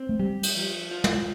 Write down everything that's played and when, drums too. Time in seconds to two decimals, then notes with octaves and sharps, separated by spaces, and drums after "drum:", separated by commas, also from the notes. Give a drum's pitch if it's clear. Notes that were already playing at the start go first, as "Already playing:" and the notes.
Already playing: C4
0.09 A3
0.19 G3 G4
0.43 drum: cymbal
0.56 F3
0.91 F4
1.04 drum: tom